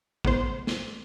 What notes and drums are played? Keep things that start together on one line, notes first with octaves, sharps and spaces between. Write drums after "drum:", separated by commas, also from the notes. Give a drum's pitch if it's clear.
A2 B3 C5, drum: kick
drum: snare